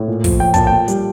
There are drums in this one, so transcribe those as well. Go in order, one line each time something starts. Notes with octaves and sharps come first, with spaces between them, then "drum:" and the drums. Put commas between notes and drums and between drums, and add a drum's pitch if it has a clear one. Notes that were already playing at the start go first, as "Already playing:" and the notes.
Already playing: A2
A#2
F3, drum: kick, open hi-hat
F3 G5
A#2 A5, drum: kick, hi-hat
G5
A#2
G3, drum: hi-hat